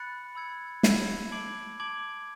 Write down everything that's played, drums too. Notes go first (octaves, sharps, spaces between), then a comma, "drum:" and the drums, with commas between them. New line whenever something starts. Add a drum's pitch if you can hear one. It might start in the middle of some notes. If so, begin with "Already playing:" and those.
Already playing: B5 F#6 A6 C#7
B5 E6 G#6 C#7
B5 E6 G#6 C#7, drum: snare
A5 D6 G#6 D7 F#7
A5 D6 G#6 D7 F#7